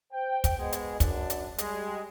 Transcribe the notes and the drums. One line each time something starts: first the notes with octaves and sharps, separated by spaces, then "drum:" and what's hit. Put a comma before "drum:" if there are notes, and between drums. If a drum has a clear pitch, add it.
C5 G5
drum: kick, hi-hat
B2 G#3
drum: hi-hat
F#2 D4, drum: kick, hi-hat
drum: hi-hat
G3 G#3, drum: hi-hat